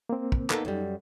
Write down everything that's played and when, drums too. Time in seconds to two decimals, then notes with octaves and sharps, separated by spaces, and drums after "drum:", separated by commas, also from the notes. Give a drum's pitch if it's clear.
0.09 A#3 C4
0.32 drum: kick
0.50 A#3 B3 D#4 A4, drum: clap
0.65 F#2 G3